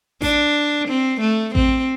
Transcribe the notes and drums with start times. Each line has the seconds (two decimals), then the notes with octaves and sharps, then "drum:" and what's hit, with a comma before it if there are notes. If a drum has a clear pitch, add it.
0.22 D4, drum: snare A1
0.88 C4
1.21 A3
1.55 C4, drum: kick A1